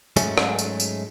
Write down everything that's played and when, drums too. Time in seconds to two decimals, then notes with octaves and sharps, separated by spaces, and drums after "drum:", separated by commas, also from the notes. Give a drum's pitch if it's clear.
0.16 G#2 F#3 G#3 A3 C#4, drum: tambourine
0.38 drum: rim click
0.59 drum: tambourine
0.80 drum: tambourine